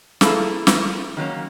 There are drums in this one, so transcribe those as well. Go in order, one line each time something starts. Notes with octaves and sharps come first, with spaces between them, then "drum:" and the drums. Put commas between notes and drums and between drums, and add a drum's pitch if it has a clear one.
A#3 E4 G#4 A4, drum: snare
drum: snare
D#3 F#3 A#3 C#4